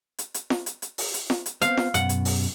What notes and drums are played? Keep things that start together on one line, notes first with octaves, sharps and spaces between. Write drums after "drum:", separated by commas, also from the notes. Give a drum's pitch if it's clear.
drum: hi-hat
drum: hi-hat
drum: snare
drum: hi-hat
drum: hi-hat
drum: open hi-hat
drum: hi-hat
drum: snare
drum: hi-hat
B3 C4 C5 F5, drum: hi-hat
drum: snare
F#2 B2 F#5, drum: hi-hat
drum: hi-hat
drum: open hi-hat